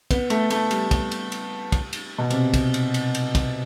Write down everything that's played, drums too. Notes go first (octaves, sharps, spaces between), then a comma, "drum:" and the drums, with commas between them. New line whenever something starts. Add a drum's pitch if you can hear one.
B3, drum: kick, cymbal
A3, drum: cymbal
A3, drum: cymbal
G3, drum: cymbal
drum: kick, cymbal
drum: cymbal
drum: cymbal
drum: kick, cymbal
drum: cymbal
B2
C3, drum: cymbal
drum: kick, cymbal
drum: cymbal
drum: cymbal
drum: cymbal
drum: kick, cymbal